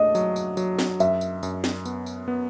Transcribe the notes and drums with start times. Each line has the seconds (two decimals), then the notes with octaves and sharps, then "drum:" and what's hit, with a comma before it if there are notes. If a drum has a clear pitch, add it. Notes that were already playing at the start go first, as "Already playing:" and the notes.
Already playing: A3 D4 D#5
0.15 F#3, drum: tambourine
0.36 drum: tambourine
0.57 F#3, drum: tambourine
0.79 drum: snare
1.00 F#2 E5, drum: tambourine
1.21 drum: tambourine
1.43 F#2, drum: tambourine
1.64 drum: snare
1.85 B3, drum: tambourine
2.06 drum: tambourine
2.28 B3